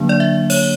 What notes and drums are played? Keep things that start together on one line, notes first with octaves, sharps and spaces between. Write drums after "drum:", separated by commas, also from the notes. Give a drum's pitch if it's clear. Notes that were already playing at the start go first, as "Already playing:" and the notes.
Already playing: D3 F#3 A#3 D4
D5
E5
C#5, drum: open hi-hat